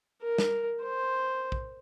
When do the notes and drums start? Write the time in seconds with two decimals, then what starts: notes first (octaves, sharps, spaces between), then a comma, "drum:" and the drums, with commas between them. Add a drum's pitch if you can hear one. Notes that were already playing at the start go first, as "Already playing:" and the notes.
0.23 A#4
0.38 drum: snare
0.83 C5
1.52 drum: kick